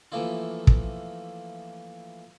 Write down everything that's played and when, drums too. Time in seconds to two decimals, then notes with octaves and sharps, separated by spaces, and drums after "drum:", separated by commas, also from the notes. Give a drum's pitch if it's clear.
0.12 E3 F3 A3 A#3 E4 F4
0.67 drum: kick